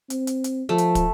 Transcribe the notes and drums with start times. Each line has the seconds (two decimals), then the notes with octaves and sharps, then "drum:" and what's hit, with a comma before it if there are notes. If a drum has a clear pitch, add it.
0.10 C4, drum: hi-hat
0.27 drum: hi-hat
0.44 drum: hi-hat
0.69 F3 A3
0.78 drum: hi-hat
0.95 drum: kick, hi-hat